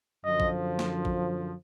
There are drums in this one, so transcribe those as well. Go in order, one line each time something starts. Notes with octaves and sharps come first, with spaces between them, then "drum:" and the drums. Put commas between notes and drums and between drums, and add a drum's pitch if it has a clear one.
F#2 D3 F3 D#5
drum: kick A1
drum: snare
drum: kick A1